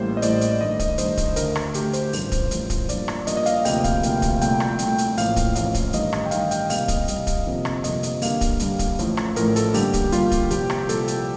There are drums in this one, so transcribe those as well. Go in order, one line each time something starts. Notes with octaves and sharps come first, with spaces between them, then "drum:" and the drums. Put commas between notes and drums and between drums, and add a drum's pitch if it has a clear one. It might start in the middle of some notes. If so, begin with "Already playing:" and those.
Already playing: A1 A2 G3 A#3 C5
D#5
A1 A2 G3 A#3 D5, drum: hi-hat
drum: hi-hat
G2 D#3 A3 D#5
D#5, drum: kick, hi-hat
G2 D#3 A3 C5, drum: hi-hat
drum: kick, hi-hat
D2 D3 A3 A#4, drum: hi-hat
drum: rim click
D2 D3 A3 G4, drum: hi-hat
C5, drum: hi-hat
A1 G2 F3, drum: open hi-hat
drum: kick, hi-hat
A1 G2 F3, drum: hi-hat
drum: kick, hi-hat
G2 F3 A#3 D5, drum: hi-hat
drum: rim click
G2 F3 A#3 D#5, drum: hi-hat
D#5
F5, drum: hi-hat
D2 C3 F3 A#3 G5, drum: open hi-hat
F5, drum: kick, hi-hat
D2 C3 F3 A#3, drum: hi-hat
drum: kick, hi-hat
C2 A#2 A3 G5, drum: hi-hat
drum: rim click
C2 A#2 A3, drum: hi-hat
drum: hi-hat
A1 A2 F3 A#3 F5, drum: open hi-hat
drum: kick, hi-hat
A1 A2 F3 A#3 F5, drum: hi-hat
drum: kick, hi-hat
A1 G2 D#3 G3 D#5, drum: hi-hat
drum: rim click
G5
A1 G2 D#3 G3 F5, drum: hi-hat
G5, drum: hi-hat
C2 C3 G3 A#3 F5, drum: open hi-hat
D#5, drum: kick, hi-hat
C2 C3 G3 A#3, drum: hi-hat
drum: kick, hi-hat
G1 F2 C3 F3 A#3
drum: rim click
G1 F2 C3 F3 A#3 D#5, drum: hi-hat
drum: hi-hat
G2 D3 G3 A#3 F5, drum: open hi-hat
drum: kick, hi-hat
G2 D3 G3 A#3, drum: hi-hat
drum: kick, hi-hat
A1 A2 F3 A3, drum: hi-hat
drum: rim click
A1 A2 F3 A3 A#4, drum: hi-hat
A4, drum: hi-hat
G2 D3 G3 A#3 G4, drum: open hi-hat
G4, drum: kick, hi-hat
G2 D3 G3 A#3 F4, drum: hi-hat
drum: kick, hi-hat
C2 A#2 F3 A#3 G4, drum: hi-hat
drum: rim click
C2 A#2 F3 A#3 A4, drum: hi-hat
drum: hi-hat